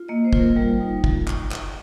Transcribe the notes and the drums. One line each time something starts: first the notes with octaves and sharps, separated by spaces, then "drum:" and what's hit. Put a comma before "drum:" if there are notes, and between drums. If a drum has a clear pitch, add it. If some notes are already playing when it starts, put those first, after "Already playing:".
Already playing: F4
A#3 D#5
C5
F4, drum: kick
A#4
G3
D#4
drum: kick
drum: clap
drum: clap